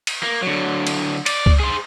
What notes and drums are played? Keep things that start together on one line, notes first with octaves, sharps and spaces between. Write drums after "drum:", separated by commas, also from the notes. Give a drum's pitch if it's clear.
drum: cymbal
A#3
D3 F#3
drum: cymbal
D5, drum: cymbal
drum: kick
G#4 C5